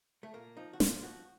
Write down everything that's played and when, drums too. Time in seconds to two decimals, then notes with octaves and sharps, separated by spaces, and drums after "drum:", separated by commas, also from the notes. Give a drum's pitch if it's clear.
0.23 A3
0.34 A#2 A#3
0.57 F3 D#4
0.73 F#4
0.80 A#2 F4, drum: snare
1.02 F3 F#4